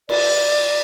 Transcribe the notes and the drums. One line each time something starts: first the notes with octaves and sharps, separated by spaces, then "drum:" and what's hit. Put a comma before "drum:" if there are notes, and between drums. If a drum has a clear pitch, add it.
D5, drum: cymbal